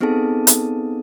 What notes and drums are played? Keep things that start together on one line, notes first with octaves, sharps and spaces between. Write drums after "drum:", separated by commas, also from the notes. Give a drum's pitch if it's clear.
B3 C4 D#4 G#4 A4 A5
drum: hi-hat